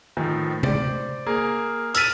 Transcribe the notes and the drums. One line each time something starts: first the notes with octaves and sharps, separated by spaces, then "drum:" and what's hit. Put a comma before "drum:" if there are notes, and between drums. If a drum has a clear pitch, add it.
A2 D#3 F3
C5 D5, drum: tom C3
A#3 G#4 A#4
E6 F6 A6 B6 D#7, drum: hi-hat